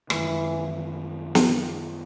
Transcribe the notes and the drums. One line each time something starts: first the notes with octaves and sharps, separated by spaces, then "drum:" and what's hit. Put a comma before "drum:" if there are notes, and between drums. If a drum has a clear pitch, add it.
F#2 D#3 E3 G#3, drum: rim click
drum: snare